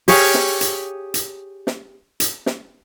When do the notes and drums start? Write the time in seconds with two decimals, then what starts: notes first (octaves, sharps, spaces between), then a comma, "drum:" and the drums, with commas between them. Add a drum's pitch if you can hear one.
0.08 G4 G#4 C#5 F5, drum: open hi-hat
0.34 drum: snare
0.61 drum: hi-hat
1.14 drum: hi-hat
1.67 drum: snare
2.20 drum: hi-hat
2.46 drum: snare